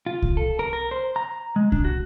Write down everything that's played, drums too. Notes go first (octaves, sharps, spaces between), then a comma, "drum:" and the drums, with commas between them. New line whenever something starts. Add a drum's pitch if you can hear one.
F4
drum: kick C2
A4
A#4
A#4
C5
A#5
G#3
D4, drum: kick C2
F#4